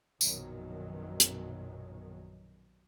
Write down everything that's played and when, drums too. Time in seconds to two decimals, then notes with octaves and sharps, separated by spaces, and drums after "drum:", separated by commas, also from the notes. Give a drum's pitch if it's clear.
0.21 A#1 F#2 B2 D#3 F#3, drum: tambourine
1.20 drum: hi-hat